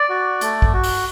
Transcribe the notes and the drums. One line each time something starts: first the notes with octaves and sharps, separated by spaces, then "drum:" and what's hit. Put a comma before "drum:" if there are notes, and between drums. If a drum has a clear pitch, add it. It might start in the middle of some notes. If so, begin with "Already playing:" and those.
Already playing: D5
F#4
A3, drum: hi-hat
drum: kick
F#4
drum: open hi-hat